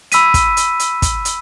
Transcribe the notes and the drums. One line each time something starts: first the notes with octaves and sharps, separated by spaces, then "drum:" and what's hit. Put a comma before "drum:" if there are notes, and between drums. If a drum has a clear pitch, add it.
B5 E6 B6 D#7, drum: hi-hat
drum: kick, hi-hat
drum: hi-hat
drum: hi-hat
drum: kick, hi-hat
drum: hi-hat